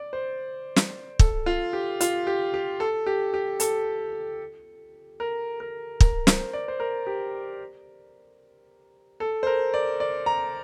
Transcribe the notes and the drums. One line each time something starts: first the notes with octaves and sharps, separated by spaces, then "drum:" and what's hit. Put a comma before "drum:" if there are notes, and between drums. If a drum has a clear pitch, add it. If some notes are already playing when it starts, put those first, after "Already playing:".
Already playing: D5
C5
drum: snare
A4, drum: kick
F4
G4
F4, drum: hi-hat
G4
G4
A4
G4
G4
A4, drum: hi-hat
A#4
A#4
A#4, drum: kick
C5, drum: snare
D5
C5
A#4
G4
A4
C5
A#4
D5
D5
A#5